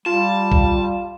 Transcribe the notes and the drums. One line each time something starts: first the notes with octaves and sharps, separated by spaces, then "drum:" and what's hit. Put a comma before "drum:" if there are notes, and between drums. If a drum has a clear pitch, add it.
G3 F4 A5
drum: kick B1